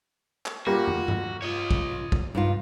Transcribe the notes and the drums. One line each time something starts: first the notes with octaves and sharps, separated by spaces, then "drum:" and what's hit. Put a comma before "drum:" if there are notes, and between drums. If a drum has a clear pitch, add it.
drum: clap
G3 A#3 F4 F#4
drum: tom
drum: tom G2
F4 C#5 D#5
drum: kick
drum: kick
G2 D#4 F4